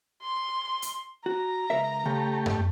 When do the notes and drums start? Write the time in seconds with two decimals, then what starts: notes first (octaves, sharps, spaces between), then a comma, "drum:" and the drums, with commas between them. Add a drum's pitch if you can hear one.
0.23 C6
0.82 drum: hi-hat
1.26 F#4 A#5
1.70 C#2 A#4 E5
2.06 C#3 A3 G4
2.46 drum: tom F#2